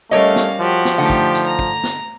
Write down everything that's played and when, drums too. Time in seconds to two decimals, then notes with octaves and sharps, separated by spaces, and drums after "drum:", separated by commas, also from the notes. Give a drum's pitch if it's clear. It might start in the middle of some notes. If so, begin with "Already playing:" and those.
0.11 G3 A3 C#4 A#4 C#5 D#5 F5
0.36 drum: snare
0.60 F3 F#4 G4
0.85 drum: snare
0.98 D3 A3 D#4 G4 F#5
1.10 drum: kick
1.34 drum: hi-hat
1.46 A#5
1.59 drum: kick
1.84 drum: snare